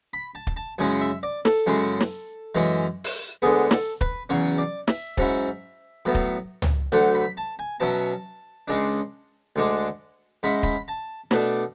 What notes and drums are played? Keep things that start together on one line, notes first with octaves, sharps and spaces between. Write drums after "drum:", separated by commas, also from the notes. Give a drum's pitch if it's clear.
B5
A5
drum: kick
A5
F#2 C#3 G#3 C#4 E4 G#5
E5
D5
A4, drum: snare
F#2 C#3 G#3 C#4 E4
drum: snare
F#2 E3 G#3 C#4 E4
drum: open hi-hat
D2 D3 G#3 B3 G#4
A4, drum: snare
B4, drum: kick
E2 C#3 F#3 C#4 C#5
D5
E5, drum: snare
G#2 F#3 C#4 E4, drum: kick
A2 F#3 B3 E4
drum: kick
drum: tom
D2 D3 F#3 A3 F#5, drum: hi-hat
B5
A5
G#5
B2 F#3 C#4 E4 A5
C#2 C#3 G#3 D4
D2 D3 G#3 D4
G#2 G#3 C#4 E4 B5
B5, drum: kick
A5
B2 A3 D4 A5, drum: snare